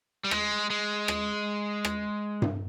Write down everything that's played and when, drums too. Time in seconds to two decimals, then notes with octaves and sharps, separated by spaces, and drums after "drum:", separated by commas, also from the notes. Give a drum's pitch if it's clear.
0.24 G3
0.31 G#3, drum: rim click
0.70 G#3
1.08 drum: rim click
1.85 drum: rim click
2.42 drum: tom G2